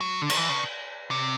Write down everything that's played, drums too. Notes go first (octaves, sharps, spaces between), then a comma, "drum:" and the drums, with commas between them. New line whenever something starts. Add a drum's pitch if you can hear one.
F#3
D3
D#3, drum: cymbal
E3
C#3
C3